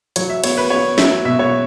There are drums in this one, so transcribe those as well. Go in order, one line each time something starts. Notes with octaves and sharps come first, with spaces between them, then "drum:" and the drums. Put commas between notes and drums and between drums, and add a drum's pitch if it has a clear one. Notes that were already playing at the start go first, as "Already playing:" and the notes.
F#3 C#5, drum: hi-hat
E5
B3 C#5, drum: cymbal
B4
B3 C#5
F#3 E5, drum: snare
B2 E5
C#5